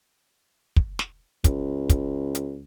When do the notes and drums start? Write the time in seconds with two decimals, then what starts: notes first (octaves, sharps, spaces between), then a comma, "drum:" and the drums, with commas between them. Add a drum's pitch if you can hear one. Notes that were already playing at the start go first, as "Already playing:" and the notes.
0.76 drum: kick
0.99 drum: snare
1.44 C#2, drum: kick, hi-hat
1.89 drum: kick, hi-hat
2.35 drum: hi-hat